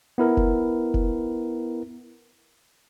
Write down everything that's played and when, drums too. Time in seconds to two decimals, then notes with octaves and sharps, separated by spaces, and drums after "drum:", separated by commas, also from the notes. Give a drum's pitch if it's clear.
0.18 B3 E4 A#4
0.37 drum: kick F1
0.94 drum: kick F1